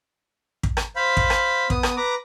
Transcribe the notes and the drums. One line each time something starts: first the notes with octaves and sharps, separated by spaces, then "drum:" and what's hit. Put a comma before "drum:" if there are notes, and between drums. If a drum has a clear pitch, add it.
drum: kick
drum: rim click
C5 F5 B5
drum: kick
drum: rim click
B3 D#6, drum: kick
drum: rim click
B4 A#5 D6